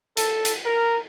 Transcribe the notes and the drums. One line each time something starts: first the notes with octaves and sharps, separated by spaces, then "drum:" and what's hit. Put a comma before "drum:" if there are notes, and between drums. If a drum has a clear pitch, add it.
A4, drum: hi-hat
drum: hi-hat
A#4